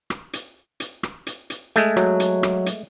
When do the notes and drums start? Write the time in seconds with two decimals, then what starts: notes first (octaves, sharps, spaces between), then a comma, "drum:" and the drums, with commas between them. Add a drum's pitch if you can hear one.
0.10 drum: rim click
0.33 drum: hi-hat
0.80 drum: hi-hat
1.03 drum: rim click
1.27 drum: hi-hat
1.50 drum: hi-hat
1.76 G#3 A3, drum: hi-hat
1.96 F#3, drum: rim click
2.20 drum: hi-hat
2.43 drum: rim click
2.66 drum: hi-hat